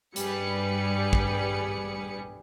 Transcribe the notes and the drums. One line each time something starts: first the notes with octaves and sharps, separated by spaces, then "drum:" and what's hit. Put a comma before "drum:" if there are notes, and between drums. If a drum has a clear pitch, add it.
G2 G3 G#4 B4 C#7, drum: hi-hat
drum: kick